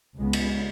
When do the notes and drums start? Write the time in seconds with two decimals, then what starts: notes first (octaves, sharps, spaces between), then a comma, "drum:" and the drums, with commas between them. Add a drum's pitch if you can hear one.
0.16 C#2 C#3 G#3 B3
0.33 drum: cymbal